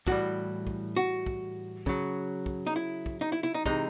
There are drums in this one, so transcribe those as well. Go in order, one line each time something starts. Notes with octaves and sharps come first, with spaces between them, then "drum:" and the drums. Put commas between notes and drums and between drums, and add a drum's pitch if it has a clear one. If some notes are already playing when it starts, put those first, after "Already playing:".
A2 E3 G3 F#4, drum: kick
drum: kick
F#4
drum: kick
C#3 F#3, drum: kick
drum: kick
D#4
E4
drum: kick
D#4
E4
E4
D#4
C3 E3 G#3 D#4, drum: kick